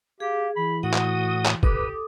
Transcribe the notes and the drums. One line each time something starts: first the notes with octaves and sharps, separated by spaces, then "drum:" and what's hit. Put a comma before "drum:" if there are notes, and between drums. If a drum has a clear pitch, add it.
G4 G#4 F5
E3 B5
A2 F#4 F#5 D#6
drum: clap
drum: clap
G4 A4 B4 D6 D#6, drum: kick